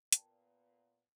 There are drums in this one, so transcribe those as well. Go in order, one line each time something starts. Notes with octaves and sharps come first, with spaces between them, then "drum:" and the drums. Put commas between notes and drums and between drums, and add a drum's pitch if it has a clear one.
A#2 B3 D5 G5 A5, drum: hi-hat